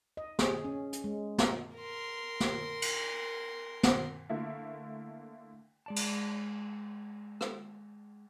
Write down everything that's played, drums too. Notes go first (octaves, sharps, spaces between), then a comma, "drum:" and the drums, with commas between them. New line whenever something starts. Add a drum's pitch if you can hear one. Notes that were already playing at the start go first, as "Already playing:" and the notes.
D#5
G#4, drum: snare
C#4
drum: hi-hat
G#3
A#4, drum: snare
A#4 C6
drum: snare
drum: cymbal
drum: snare
D3 A3 A#3 E4
G#3 D5 A5
drum: cymbal
drum: rim click